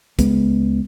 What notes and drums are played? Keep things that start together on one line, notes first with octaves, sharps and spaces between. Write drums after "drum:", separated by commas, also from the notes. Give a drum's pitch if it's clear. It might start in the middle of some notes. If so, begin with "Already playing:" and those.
C#2 G#3 B3, drum: kick, hi-hat